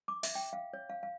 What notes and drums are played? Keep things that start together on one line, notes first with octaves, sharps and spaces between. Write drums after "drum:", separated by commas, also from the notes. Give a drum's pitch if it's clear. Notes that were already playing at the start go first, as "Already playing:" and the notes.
D6
E5, drum: open hi-hat
G5
F5
C#5
F5
F5